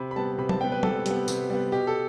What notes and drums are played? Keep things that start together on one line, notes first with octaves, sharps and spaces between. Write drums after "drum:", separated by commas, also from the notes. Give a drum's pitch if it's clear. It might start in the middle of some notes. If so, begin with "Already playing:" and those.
Already playing: C3 B5
B5
G3 B3 A5
C3 B5
A5, drum: tom F#3
G3 B3 G5
B4
C3 A4, drum: tom F#3
G3 B3, drum: hi-hat
C3, drum: tambourine
G3 B3
B2 G4
A4